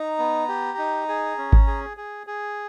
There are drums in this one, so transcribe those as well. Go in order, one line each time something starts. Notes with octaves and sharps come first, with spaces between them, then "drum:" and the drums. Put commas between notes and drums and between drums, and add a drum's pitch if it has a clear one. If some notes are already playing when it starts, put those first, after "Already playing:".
Already playing: D#4 A#5
B3
G4
D#4
G#4
C#4
drum: kick G#1
G#4
G#4
G#4